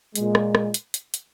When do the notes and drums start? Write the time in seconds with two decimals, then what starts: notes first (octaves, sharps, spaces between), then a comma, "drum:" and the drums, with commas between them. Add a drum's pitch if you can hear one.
0.15 A#2 G#3, drum: hi-hat
0.35 drum: rim click
0.55 drum: rim click
0.74 drum: hi-hat
0.94 drum: hi-hat
1.14 drum: hi-hat